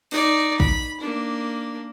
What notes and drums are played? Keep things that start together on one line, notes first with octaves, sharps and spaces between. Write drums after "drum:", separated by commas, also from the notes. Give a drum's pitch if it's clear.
D#4 D5, drum: open hi-hat
B5, drum: kick
A#3 D4